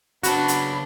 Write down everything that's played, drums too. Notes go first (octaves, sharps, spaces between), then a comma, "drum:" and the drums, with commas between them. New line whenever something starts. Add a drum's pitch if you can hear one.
C#3 B3 D4 F#4 A5 B5, drum: hi-hat
drum: hi-hat